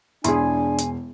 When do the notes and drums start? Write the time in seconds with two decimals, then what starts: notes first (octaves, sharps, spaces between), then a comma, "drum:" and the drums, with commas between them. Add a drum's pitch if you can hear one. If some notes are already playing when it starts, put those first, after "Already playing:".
0.24 E1 D4 E4 G#4 G#5 C6, drum: hi-hat
0.78 drum: hi-hat